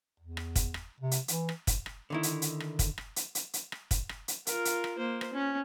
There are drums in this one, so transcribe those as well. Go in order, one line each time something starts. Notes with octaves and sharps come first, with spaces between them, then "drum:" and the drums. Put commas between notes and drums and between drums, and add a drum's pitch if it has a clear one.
E2
drum: rim click
drum: kick, hi-hat
drum: rim click
C3
drum: hi-hat
E3, drum: hi-hat
drum: rim click
drum: kick, hi-hat
drum: rim click
D3 D#3 E4
drum: hi-hat
drum: hi-hat
drum: rim click
drum: kick, hi-hat
drum: rim click
drum: hi-hat
drum: hi-hat
drum: hi-hat
drum: rim click
drum: kick, hi-hat
drum: rim click
drum: hi-hat
F4 A#4, drum: hi-hat
drum: hi-hat
drum: rim click
A#3 C5
drum: rim click
C#4